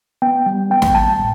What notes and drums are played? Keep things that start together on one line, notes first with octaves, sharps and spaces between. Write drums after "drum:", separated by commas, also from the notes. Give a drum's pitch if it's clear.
B3 G5
G3
B3 G5
drum: snare
G3 A5
A2